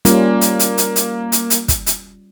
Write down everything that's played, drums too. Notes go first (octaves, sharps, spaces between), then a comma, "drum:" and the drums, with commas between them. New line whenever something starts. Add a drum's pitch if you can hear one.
G3 A#3 C#4 F4, drum: hi-hat
drum: hi-hat
drum: hi-hat
drum: hi-hat
drum: hi-hat
drum: hi-hat
drum: hi-hat
drum: kick, hi-hat
drum: hi-hat